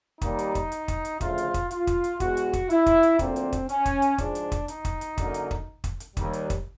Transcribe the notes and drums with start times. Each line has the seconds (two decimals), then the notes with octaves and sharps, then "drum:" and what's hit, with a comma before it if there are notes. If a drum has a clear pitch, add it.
0.21 D#2 D#3 G3 A#3 D#4, drum: kick, hi-hat
0.39 drum: hi-hat
0.55 drum: kick, hi-hat
0.72 drum: hi-hat
0.88 drum: kick, hi-hat
1.05 drum: hi-hat
1.21 D2 C#3 F3 A3 F4, drum: kick, hi-hat
1.38 drum: hi-hat
1.54 drum: kick, hi-hat
1.71 F4, drum: hi-hat
1.87 drum: kick, hi-hat
2.04 drum: hi-hat
2.20 E2 B2 G#3 F#4, drum: kick, hi-hat
2.37 drum: hi-hat
2.53 drum: kick, hi-hat
2.70 E4, drum: hi-hat
2.86 drum: kick, hi-hat
3.03 drum: hi-hat
3.19 D2 D3 F3 A#3 C4, drum: kick, hi-hat
3.36 drum: hi-hat
3.52 drum: kick, hi-hat
3.69 C#4, drum: hi-hat
3.86 drum: kick, hi-hat
4.02 drum: hi-hat
4.18 G#2 F3 G#3 D4, drum: kick, hi-hat
4.35 drum: hi-hat
4.52 drum: kick, hi-hat
4.68 D#4, drum: hi-hat
4.85 drum: kick, hi-hat
5.01 drum: hi-hat
5.18 F#2 D3 F#3 A#3, drum: kick, hi-hat
5.34 drum: hi-hat
5.51 drum: kick
5.84 drum: kick, hi-hat
6.00 drum: hi-hat
6.17 D#2 D#3 G3, drum: kick, hi-hat
6.33 drum: hi-hat
6.50 drum: kick, hi-hat